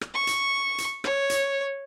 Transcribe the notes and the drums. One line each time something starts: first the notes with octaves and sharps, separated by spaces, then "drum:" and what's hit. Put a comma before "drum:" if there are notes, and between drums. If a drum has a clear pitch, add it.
drum: rim click
C#6
drum: hi-hat
drum: hi-hat
C#5, drum: rim click
drum: hi-hat